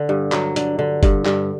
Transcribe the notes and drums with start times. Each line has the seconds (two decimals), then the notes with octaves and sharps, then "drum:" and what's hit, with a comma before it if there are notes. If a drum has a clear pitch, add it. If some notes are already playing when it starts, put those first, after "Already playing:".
Already playing: D3
0.09 G2
0.32 F#3, drum: clap
0.56 D3, drum: hi-hat
0.79 D3
1.03 G2, drum: kick F#1, hi-hat
1.26 G2, drum: clap